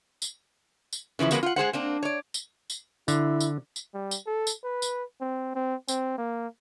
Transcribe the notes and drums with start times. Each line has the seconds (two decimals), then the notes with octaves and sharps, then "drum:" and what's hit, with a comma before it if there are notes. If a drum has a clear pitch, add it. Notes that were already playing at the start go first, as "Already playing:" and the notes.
0.22 drum: tambourine
0.93 drum: tambourine
1.19 C#3 E3 F3 E4
1.31 F3 F#3 G#3 A#3 B3 F#4, drum: tambourine
1.43 F4 F#5
1.56 G#3 G#4 C5 F#5
1.73 A#3 C4 D4
2.03 C#5 D5
2.34 drum: tambourine
2.70 drum: tambourine
3.08 D3 E4, drum: tambourine
3.40 drum: tambourine
3.76 drum: tambourine
3.94 G3
4.11 drum: tambourine
4.26 A4
4.47 drum: tambourine
4.63 B4
4.82 drum: tambourine
5.21 C4
5.55 C4
5.88 C4, drum: tambourine
6.18 A#3